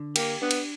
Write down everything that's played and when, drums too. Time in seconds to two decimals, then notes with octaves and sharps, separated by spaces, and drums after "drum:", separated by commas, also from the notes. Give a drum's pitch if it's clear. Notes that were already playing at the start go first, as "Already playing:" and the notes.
Already playing: D3
0.16 A#3 G4, drum: cymbal
0.42 B3 D4
0.51 drum: cymbal